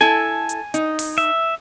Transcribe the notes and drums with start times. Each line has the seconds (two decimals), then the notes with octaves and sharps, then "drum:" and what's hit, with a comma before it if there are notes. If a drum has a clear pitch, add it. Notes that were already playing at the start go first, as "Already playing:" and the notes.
0.01 E4 A4 G#5
0.49 drum: hi-hat
0.74 D#4, drum: hi-hat
0.99 drum: open hi-hat
1.18 E5